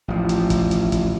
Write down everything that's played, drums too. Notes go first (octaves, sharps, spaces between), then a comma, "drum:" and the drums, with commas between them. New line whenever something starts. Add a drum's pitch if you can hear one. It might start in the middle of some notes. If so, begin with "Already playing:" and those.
A1 F3
drum: hi-hat
drum: kick, hi-hat
drum: hi-hat
drum: kick, hi-hat